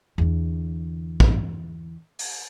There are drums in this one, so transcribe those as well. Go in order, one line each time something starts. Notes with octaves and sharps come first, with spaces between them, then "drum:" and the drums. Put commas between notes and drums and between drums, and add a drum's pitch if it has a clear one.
E2 D3
drum: kick
drum: open hi-hat